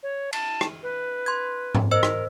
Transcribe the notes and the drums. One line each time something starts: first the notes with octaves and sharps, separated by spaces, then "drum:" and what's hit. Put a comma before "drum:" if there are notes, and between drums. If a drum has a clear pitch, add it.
C#5
A5, drum: cymbal
drum: rim click
B4
C6 G#6
drum: tom G#2
A#4 C5 D#5 E6
drum: rim click